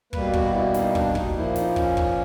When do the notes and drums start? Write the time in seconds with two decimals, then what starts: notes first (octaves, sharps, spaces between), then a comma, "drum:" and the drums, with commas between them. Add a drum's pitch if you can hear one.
0.13 B2 G3 A#3 B4, drum: kick
0.33 F#4, drum: kick
0.54 E4
0.74 D#4, drum: snare
0.95 D4, drum: kick
1.15 D#4, drum: kick
1.35 A#2 F3 A#3 E4
1.56 D#4, drum: snare
1.76 C#4, drum: kick
1.97 drum: kick